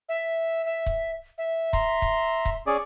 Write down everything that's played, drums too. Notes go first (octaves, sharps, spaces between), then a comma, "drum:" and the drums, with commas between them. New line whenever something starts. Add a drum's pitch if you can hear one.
E5
E5
drum: kick C#1
E5
A#5 C6, drum: kick C#1
drum: kick C#1
drum: kick C#1
C#4 G#4 D5